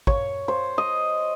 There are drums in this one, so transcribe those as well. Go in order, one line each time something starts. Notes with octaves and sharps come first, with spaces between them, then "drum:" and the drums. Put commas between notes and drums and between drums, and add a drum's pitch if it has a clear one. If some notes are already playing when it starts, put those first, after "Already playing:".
C#5, drum: kick
C5
D#5